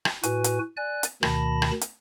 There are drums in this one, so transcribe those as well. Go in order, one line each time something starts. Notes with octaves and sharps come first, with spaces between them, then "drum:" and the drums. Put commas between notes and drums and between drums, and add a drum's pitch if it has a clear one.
drum: rim click
A2 F#4 B4 G#5, drum: hi-hat
drum: hi-hat
D5 G#5 F#6
drum: hi-hat
D2 B2 D#3 A5 B5 A#6, drum: rim click
drum: rim click
drum: hi-hat